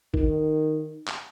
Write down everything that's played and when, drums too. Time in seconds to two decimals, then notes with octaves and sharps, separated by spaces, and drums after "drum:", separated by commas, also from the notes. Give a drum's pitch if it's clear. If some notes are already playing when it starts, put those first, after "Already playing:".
0.14 D#3, drum: kick
1.08 drum: clap